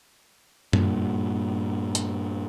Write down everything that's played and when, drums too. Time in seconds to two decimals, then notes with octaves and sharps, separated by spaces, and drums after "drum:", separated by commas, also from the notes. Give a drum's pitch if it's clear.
0.73 G2 A#2, drum: tom F#2
1.95 drum: hi-hat